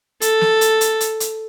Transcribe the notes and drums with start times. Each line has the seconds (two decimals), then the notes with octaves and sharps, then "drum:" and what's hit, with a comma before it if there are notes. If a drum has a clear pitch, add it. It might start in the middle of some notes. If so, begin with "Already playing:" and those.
0.22 A4, drum: hi-hat
0.41 drum: snare
0.61 drum: hi-hat
0.81 drum: hi-hat
1.01 drum: hi-hat
1.20 drum: hi-hat